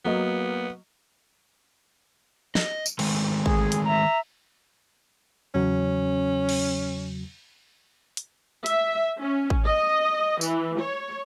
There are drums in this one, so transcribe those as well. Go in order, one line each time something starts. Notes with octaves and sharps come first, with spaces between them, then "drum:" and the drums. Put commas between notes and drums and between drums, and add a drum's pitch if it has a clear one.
F#3 A#3 B3 D#5
D#5, drum: snare
drum: tambourine
D#3 G#3 A3, drum: cymbal
G#4, drum: kick
drum: hi-hat
E5 A#5
E2 C#3 F#3 C#4
drum: cymbal
drum: hi-hat
E5, drum: hi-hat
C#4
drum: kick
D#5
E3, drum: tambourine
C#5